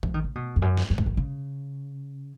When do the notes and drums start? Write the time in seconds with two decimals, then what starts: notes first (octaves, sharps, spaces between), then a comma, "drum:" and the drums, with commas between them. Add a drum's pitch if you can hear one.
0.03 F3, drum: kick
0.14 D#3
0.24 C#3
0.35 B2
0.56 F2
0.62 F#2
0.77 drum: snare
0.90 F#2
0.98 G#2, drum: kick
1.06 F#2
1.17 C#3